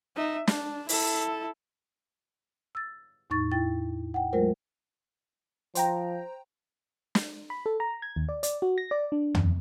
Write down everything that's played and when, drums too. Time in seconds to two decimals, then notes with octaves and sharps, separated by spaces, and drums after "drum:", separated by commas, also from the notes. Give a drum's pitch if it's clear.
0.16 D#4 E5
0.47 D4, drum: snare
0.89 E4 A4, drum: open hi-hat
2.75 E6 A6
3.30 E2 A2 D#4 C#6 A6
3.52 E4 G5 A6
4.14 F#5 G5
4.33 F#3 G#3 A3 F4 A#4 C5
5.75 F3 C5 G5 A#5, drum: hi-hat
7.15 drum: snare
7.50 B5
7.66 A4
7.80 A#5
8.02 G#6
8.16 D#2
8.29 D5
8.43 D5, drum: hi-hat
8.62 F#4
8.78 A#6
8.91 D5
9.12 D4
9.35 E2, drum: tom